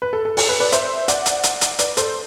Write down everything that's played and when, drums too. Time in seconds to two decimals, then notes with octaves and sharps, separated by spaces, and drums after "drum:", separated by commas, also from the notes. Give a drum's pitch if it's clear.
0.02 B4
0.13 A4
0.25 A4
0.37 A4, drum: open hi-hat
0.49 B4
0.60 B4 D5
0.72 C5 E5, drum: hi-hat
1.08 D5 F#5, drum: hi-hat
1.26 drum: hi-hat
1.43 drum: hi-hat
1.61 drum: hi-hat
1.79 B4 D5, drum: hi-hat
1.97 A4 C5, drum: hi-hat